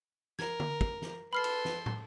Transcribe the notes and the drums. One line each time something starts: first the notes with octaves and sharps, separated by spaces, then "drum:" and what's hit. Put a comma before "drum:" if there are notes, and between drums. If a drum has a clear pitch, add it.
A#4 G#6, drum: snare
drum: tom
drum: kick
drum: snare
A4 B4 B5 C6 F6 C7
drum: cymbal
drum: snare
drum: tom